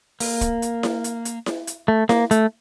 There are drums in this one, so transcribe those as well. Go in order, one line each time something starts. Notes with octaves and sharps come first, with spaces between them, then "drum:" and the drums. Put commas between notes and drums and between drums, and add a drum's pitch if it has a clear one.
A#3, drum: open hi-hat
drum: kick, hi-hat
drum: hi-hat
drum: snare E4
drum: hi-hat
drum: hi-hat
drum: snare E4
drum: hi-hat
A3
A#3, drum: snare E4
A3, drum: hi-hat